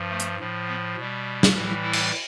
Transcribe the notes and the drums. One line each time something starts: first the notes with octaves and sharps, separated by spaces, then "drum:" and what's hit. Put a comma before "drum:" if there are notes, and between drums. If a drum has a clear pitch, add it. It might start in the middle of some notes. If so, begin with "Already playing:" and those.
Already playing: G2 F3
A3
drum: hi-hat
A2 F3
B3
B2 G3
drum: snare
A2 E3 G3
E4
drum: cymbal